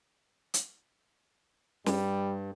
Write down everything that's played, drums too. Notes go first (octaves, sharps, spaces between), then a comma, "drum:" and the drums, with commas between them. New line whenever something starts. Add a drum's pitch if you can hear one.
drum: hi-hat
G2 G3, drum: snare